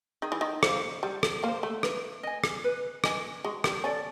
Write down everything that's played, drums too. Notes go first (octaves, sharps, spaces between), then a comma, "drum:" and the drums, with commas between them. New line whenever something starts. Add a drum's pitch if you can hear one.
D#3 G#4
E3
D#3
C5 F5, drum: rim click
G3 G#4
drum: rim click
A#3 F5
C5
A3
B4, drum: rim click
D#5 G#5
drum: rim click
B4
D#5 G#5, drum: rim click
G#3 F#4
G3, drum: rim click
C#4 A4 D5